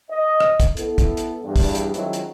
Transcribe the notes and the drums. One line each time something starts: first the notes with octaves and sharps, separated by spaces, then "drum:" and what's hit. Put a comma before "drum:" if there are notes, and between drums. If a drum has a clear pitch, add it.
D#5
drum: rim click
drum: kick, hi-hat
B3 E4 A4, drum: hi-hat
drum: kick, hi-hat
drum: hi-hat
E2 G2
drum: kick, open hi-hat
drum: hi-hat
D#3 F3 F#3 G#3 C#4 E4, drum: hi-hat
drum: hi-hat